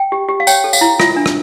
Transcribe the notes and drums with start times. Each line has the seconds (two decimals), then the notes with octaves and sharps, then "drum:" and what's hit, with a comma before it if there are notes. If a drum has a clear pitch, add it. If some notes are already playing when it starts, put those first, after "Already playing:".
Already playing: G5
0.12 G4
0.29 G4
0.40 F5
0.47 C#5 G5, drum: tambourine
0.64 A4
0.73 F5, drum: tambourine
0.81 E4
1.00 F4 E5, drum: rim click
1.16 D4
1.26 drum: rim click